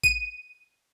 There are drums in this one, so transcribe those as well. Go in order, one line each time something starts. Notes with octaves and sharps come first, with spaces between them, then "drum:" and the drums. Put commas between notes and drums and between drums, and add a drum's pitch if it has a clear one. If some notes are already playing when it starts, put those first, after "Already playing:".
D#7, drum: kick A#1